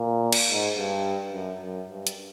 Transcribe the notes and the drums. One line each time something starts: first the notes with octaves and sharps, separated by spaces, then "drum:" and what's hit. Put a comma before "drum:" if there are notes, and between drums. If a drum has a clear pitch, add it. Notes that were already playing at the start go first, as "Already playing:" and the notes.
Already playing: A#2
drum: cymbal
G#2
G2
F#2
F#2
G2
drum: hi-hat